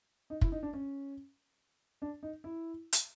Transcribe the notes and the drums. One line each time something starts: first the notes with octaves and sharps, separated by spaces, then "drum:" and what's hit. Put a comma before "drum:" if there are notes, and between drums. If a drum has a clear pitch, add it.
D#4
E4, drum: kick
D#4
D4
C#4
D4
D#4
E4
drum: hi-hat